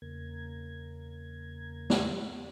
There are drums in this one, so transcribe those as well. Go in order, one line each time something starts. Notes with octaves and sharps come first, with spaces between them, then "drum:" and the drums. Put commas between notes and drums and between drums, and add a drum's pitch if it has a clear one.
E2 C#3 A#3 A#4 G#6
drum: snare